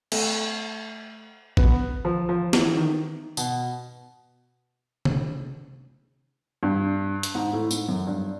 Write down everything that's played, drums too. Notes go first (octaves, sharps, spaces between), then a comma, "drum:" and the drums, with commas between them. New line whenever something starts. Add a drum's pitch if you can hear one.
A3, drum: cymbal
B3, drum: kick A1
F3
F3
E3, drum: snare
D#3
B2, drum: tambourine
drum: tom C3
G2
drum: hi-hat
G#2
A2
G#2, drum: tambourine
F#2
G2